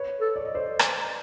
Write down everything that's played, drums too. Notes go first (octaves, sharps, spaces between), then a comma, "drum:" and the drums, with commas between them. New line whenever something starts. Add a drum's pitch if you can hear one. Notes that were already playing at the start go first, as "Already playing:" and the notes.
Already playing: B4 C#5
A4
D5
D#5
C5 D5
drum: rim click